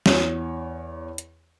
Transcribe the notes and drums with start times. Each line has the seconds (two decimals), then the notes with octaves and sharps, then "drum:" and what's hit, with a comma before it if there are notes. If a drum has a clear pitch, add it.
0.06 E2 C#5, drum: snare
1.18 drum: hi-hat